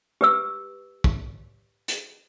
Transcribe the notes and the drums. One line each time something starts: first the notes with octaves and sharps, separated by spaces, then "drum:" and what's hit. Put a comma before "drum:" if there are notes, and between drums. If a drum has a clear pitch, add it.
G4 B4 E6
drum: kick
drum: hi-hat